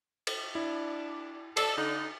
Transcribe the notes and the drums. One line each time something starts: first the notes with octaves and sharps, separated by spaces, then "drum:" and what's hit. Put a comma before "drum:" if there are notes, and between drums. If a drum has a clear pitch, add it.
drum: cymbal
D4 E4
A4 D5 C7, drum: cymbal
D3 D#4